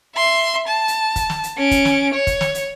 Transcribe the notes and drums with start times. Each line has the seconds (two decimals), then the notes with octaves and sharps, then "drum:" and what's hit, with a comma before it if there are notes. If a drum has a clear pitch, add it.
0.15 E5 C6
0.67 A5
0.88 drum: hi-hat
1.16 drum: kick, hi-hat
1.30 drum: snare
1.43 drum: hi-hat
1.57 C#4 D7
1.71 drum: kick, hi-hat
1.85 drum: snare
2.14 C#5
2.27 drum: kick, hi-hat
2.41 drum: snare
2.55 drum: hi-hat